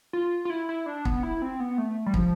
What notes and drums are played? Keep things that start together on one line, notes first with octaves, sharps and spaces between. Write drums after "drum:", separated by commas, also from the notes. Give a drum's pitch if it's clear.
F4
F4
E4
E4
D4
B3, drum: kick
E4
C4
B3
A3
G3
F3, drum: kick